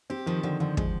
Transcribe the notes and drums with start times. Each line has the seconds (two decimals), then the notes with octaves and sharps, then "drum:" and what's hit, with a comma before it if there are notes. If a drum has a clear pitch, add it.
0.10 C4 G4
0.26 D#3 F3
0.43 D3 F3
0.60 D3 F3
0.77 F3 G#3, drum: kick